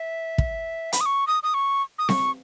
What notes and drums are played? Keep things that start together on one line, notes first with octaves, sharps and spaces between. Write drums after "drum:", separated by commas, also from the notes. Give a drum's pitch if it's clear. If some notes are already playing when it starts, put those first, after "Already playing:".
Already playing: E5
drum: kick
B5, drum: hi-hat
D#6
C#6
D#6
D#6
C#6
D#6
C#6, drum: snare C4